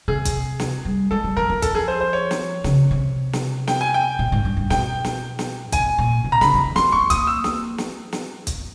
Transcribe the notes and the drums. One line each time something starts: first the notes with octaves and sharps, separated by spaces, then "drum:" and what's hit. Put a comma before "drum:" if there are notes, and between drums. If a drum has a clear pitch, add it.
C3 G#4
drum: kick, hi-hat
drum: snare
G3
G#3 A4
G3
F3 A#4
F3
A4, drum: kick, hi-hat
G#4
C5
C5
C#5
drum: snare
C#3, drum: snare
C3
drum: snare
G5, drum: snare
G#5
G5
A#2
G#2
G2
G2
B2 G5, drum: snare
drum: snare
drum: snare
B2 G#5, drum: kick, hi-hat
A#2
B2
A#5
D3 B5, drum: snare
D3
D#3
F3 C6, drum: snare
A3 C#6
A#3 D#6, drum: kick, hi-hat
E6
drum: snare
drum: snare
drum: snare
drum: kick, hi-hat